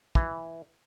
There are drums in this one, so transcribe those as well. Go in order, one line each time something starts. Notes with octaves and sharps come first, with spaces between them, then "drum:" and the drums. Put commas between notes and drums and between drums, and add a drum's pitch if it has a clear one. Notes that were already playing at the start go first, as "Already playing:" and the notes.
E3, drum: kick